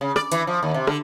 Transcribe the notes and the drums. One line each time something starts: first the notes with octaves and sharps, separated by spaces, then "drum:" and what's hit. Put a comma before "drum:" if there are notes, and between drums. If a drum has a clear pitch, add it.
C#3
D5, drum: rim click
E3, drum: hi-hat
F3
D#2
C3
D3, drum: rim click